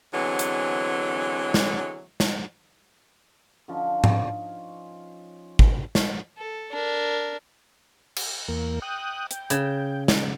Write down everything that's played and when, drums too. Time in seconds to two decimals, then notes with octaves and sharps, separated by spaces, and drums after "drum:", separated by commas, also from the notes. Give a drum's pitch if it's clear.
0.14 D3 E3 F#3 G#3 B3 C4
0.39 drum: hi-hat
1.54 drum: snare
2.20 drum: snare
3.68 D3 F3 C#4 D#4
4.04 C#4, drum: tom G#2
5.59 drum: kick
5.95 drum: snare
6.38 A4
6.71 D4 A#4
8.16 drum: cymbal
8.48 E2 A#3
8.82 G5 D#6 F#6
9.31 G5, drum: hi-hat
9.50 C#3, drum: hi-hat
10.08 drum: snare